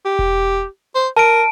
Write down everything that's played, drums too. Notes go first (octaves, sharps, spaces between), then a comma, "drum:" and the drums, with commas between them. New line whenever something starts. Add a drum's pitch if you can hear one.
G4
drum: kick E1
C5
A#4 A5 D7